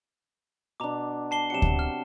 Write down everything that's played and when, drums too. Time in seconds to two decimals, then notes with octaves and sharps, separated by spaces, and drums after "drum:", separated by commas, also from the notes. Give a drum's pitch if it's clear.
0.80 B2 D4 A#5 D6
1.31 A5 C7 G7
1.50 C3 F#3 F#5 C#7 E7
1.62 drum: kick D2
1.79 F6